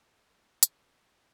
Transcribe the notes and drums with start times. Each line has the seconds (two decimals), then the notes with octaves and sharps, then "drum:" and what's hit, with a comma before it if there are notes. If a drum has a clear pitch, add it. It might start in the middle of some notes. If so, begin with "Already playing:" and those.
0.16 D#4
0.63 D4, drum: hi-hat
0.87 D4